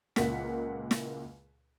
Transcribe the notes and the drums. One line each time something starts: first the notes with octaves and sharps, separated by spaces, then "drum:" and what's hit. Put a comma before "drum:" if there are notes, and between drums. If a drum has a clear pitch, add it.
C#2 A#2 A#3 F#5 B6, drum: snare
drum: snare